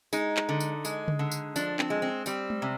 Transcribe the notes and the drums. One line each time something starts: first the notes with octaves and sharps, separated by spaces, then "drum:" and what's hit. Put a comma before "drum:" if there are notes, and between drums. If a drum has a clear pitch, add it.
G#3 D#4, drum: tambourine
drum: clap
D3
drum: tambourine
G#3, drum: tambourine
drum: tom C#3
D3
drum: tambourine
F3 D4, drum: tambourine
C4, drum: clap
G#3
C4
G3 C4, drum: tambourine
drum: tom G#3
C3